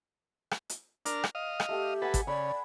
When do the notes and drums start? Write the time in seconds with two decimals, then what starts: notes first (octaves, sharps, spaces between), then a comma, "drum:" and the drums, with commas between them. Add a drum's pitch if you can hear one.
0.51 drum: rim click
0.69 drum: hi-hat
1.06 D4 A#4 F6, drum: hi-hat
1.24 drum: rim click
1.35 D#5 F5
1.60 drum: rim click
1.69 A3 G4 G5
2.02 A4 B4 F#5 G#5
2.14 drum: kick, hi-hat
2.27 C#3 D5 B5